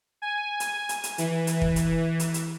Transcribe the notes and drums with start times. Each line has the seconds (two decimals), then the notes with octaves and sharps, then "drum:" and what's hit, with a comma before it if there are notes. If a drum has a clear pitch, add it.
0.22 G#5
0.60 drum: hi-hat
0.89 drum: hi-hat
1.04 drum: hi-hat
1.18 E3, drum: hi-hat
1.47 drum: hi-hat
1.62 drum: kick
1.76 drum: hi-hat
2.20 drum: hi-hat
2.34 drum: hi-hat